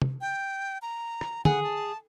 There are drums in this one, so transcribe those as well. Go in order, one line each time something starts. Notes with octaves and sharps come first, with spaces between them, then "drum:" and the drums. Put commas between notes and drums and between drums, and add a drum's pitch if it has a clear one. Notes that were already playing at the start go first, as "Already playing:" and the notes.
drum: tom C3
G5
A#5
drum: rim click
G#4 F#5, drum: tom
A5